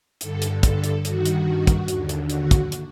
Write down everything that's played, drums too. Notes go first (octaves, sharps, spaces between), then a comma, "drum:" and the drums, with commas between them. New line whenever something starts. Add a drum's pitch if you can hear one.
G2 D3 A4, drum: hi-hat
drum: hi-hat
A4, drum: kick, hi-hat
drum: hi-hat
G2 D#3 F#4, drum: hi-hat
drum: hi-hat
drum: kick, hi-hat
D#2 D3, drum: hi-hat
drum: hi-hat
F#4, drum: hi-hat
drum: kick, hi-hat
drum: hi-hat